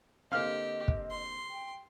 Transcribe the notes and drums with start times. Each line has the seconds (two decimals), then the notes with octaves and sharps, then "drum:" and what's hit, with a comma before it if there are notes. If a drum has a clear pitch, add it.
0.32 D3 A#3 C4 G4 D#5 F5 F6
0.88 drum: kick
1.10 C6
1.50 G5